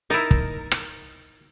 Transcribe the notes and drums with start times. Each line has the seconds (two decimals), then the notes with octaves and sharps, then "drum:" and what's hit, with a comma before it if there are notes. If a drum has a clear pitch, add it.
0.10 D#4 E4 A#4 D#5 A5 D#6
0.31 drum: kick
0.72 drum: rim click